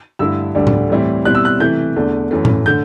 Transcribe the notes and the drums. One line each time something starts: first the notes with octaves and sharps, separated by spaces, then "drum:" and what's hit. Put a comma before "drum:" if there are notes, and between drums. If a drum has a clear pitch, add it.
G2 D3 A3 E4 E6
D2 D3 G3 D4
drum: tom A2
A2 E3 G3 C4 E4
B2 G3 C4 E4 F#6
E6
F#6
C3 E3 A3 E4 G6
E2 D3 A3 D4
F#2 E3 A3
drum: tom A2
D3 A3 G6